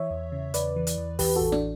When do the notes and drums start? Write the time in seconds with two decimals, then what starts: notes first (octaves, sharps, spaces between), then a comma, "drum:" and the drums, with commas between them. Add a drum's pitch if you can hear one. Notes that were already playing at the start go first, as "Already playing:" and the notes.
Already playing: E3 C#5 E5
0.11 E2
0.32 C#3
0.54 E2 B4 D5, drum: hi-hat
0.76 E3
0.87 drum: hi-hat
0.98 E2
1.19 E3 G4 B4, drum: kick, open hi-hat
1.36 A1 F#4 A4
1.52 D4, drum: snare